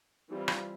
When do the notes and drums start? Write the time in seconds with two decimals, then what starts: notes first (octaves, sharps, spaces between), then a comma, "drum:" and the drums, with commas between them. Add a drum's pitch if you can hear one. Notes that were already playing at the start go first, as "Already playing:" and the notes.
0.29 E3 G3 C4 F4
0.48 drum: rim click